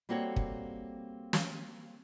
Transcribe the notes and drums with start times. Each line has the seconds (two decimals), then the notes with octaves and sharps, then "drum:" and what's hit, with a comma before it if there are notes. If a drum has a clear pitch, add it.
0.09 G3 A#3 C4 F#4 A4 C#5
0.36 drum: kick
1.33 drum: snare